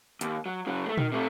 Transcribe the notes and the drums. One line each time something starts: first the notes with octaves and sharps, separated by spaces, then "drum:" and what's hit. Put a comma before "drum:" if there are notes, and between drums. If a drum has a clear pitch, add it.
D#2, drum: hi-hat
F#3
C#3 F#3
G#3 A3
D#3, drum: tom A#2
C3 A3